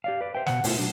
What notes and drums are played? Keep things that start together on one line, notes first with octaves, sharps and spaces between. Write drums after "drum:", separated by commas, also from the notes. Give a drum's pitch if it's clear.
G4 D5 F5
B4 D5
C5 E5 G5
B2 F#5, drum: snare
B2 A3 E4 F4, drum: open hi-hat
F#3 D4